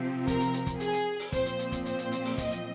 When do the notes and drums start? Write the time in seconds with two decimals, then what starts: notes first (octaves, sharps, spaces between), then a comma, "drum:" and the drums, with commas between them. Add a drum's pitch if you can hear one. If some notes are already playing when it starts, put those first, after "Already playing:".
Already playing: C3 F3 C4
0.27 A#4, drum: kick, hi-hat
0.40 drum: hi-hat
0.53 drum: hi-hat
0.67 drum: kick, hi-hat
0.80 G#4, drum: hi-hat
0.93 drum: hi-hat
1.19 drum: open hi-hat
1.32 A#2 F3 C4 C5, drum: kick, hi-hat
1.46 drum: hi-hat
1.59 drum: hi-hat
1.72 drum: kick, hi-hat
1.85 C5, drum: hi-hat
1.99 drum: hi-hat
2.12 drum: hi-hat
2.25 drum: open hi-hat
2.38 D#5, drum: kick, hi-hat
2.51 drum: hi-hat